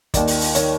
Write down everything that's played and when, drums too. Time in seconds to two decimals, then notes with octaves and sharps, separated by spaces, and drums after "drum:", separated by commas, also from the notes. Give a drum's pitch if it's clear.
0.14 D#2 D#3 D5, drum: kick, hi-hat
0.27 drum: open hi-hat
0.41 drum: open hi-hat
0.55 D#3 C#5, drum: hi-hat